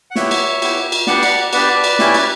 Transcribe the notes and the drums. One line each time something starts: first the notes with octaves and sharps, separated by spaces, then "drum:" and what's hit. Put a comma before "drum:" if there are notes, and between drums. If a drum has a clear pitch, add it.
F#5
B3 E4 G4 C#5 E5, drum: snare
drum: cymbal
B3 E4 G4, drum: cymbal
drum: cymbal
B3 D4 G4 D5 F#5, drum: snare
drum: cymbal
B3 D4 G4 B4 D5, drum: cymbal
drum: cymbal
C#4 E4 G4, drum: snare
drum: cymbal